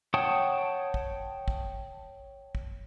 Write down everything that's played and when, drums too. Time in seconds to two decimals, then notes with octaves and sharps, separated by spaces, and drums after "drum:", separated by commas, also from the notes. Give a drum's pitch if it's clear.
0.14 C#5 F#5 G5 A5 D#6
0.94 drum: kick
1.48 drum: kick
2.55 drum: kick